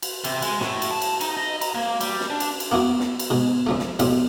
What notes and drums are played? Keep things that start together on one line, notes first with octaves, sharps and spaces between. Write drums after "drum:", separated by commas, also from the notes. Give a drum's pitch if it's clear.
drum: cymbal
C3, drum: cymbal
G#3, drum: cymbal
A2, drum: snare
drum: cymbal
A5
drum: cymbal
D#4, drum: cymbal
D#5
A#5, drum: cymbal
A#3
G3, drum: cymbal
drum: snare
D4
drum: cymbal
drum: cymbal
A#3 B3 E4 F#4
drum: snare
drum: cymbal
G#2 B2
C#2 F3 A3
drum: snare
B1 F2 A2 G3, drum: cymbal